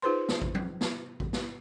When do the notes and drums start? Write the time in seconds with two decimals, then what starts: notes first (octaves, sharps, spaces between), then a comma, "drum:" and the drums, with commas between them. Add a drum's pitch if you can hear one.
0.02 D#4 F4 G#4 B4 C5 C6
0.29 drum: snare
0.42 drum: kick A1
0.55 drum: tom F#3
0.81 drum: snare
1.20 drum: kick A1
1.33 drum: snare